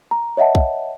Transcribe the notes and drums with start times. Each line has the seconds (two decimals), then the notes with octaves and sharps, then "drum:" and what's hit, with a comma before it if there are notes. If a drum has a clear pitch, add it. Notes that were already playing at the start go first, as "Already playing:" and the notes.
0.11 A#5
0.37 C#5 D#5 E5 F#5 A5
0.55 drum: kick